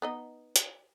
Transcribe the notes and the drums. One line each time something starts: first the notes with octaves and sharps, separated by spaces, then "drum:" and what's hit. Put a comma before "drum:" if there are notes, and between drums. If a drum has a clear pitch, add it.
B3 D#4 D#5
drum: hi-hat